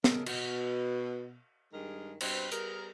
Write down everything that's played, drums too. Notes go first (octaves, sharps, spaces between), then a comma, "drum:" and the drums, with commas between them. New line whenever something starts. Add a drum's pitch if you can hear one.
C#3 A4 A#4 D#5, drum: snare
B2, drum: cymbal
G2 D#3 G#3 G#4 A#4
G2 B2 C4 B4 C5, drum: cymbal
G3 B3 G#4 A#4, drum: hi-hat